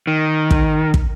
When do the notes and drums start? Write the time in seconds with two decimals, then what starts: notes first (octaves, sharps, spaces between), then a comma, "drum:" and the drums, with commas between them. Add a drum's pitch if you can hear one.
0.07 D#3
0.51 drum: kick
0.94 drum: kick